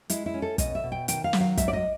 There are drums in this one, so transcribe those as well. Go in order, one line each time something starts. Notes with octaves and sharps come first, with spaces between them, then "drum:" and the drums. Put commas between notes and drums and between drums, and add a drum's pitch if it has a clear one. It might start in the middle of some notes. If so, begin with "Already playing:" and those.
G#3 E4, drum: hi-hat
E4
C#4
A4
B2 D#5, drum: kick, hi-hat
E5
B2
G5
D#3 G5, drum: hi-hat
F5
F#3, drum: snare
F5
G#2 E5, drum: kick, hi-hat
D5
D#5